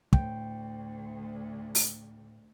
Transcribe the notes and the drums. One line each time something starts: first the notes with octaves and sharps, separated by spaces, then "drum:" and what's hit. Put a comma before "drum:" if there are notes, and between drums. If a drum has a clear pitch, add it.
D2 A2 G5, drum: kick
drum: open hi-hat